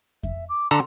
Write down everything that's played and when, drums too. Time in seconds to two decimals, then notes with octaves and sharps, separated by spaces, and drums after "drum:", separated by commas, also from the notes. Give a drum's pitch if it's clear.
0.23 E5, drum: kick F2
0.49 D6
0.71 D3 A4 A#5 C6